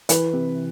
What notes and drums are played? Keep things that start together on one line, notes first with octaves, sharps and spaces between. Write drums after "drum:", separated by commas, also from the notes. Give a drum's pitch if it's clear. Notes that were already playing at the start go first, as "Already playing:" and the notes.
E3 B4, drum: hi-hat
C3